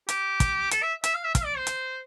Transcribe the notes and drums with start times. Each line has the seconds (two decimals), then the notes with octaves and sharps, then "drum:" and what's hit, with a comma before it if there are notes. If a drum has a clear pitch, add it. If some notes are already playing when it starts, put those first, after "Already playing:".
0.09 G4, drum: hi-hat
0.40 drum: kick, hi-hat
0.71 A4, drum: hi-hat
0.82 E5
1.04 E5, drum: hi-hat
1.14 F5
1.24 E5
1.35 F5, drum: kick, hi-hat
1.45 D5
1.57 C5
1.67 drum: hi-hat